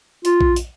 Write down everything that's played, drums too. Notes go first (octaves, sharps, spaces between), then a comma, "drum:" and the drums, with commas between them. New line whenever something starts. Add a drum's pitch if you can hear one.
F4, drum: hi-hat
drum: kick A#1
drum: hi-hat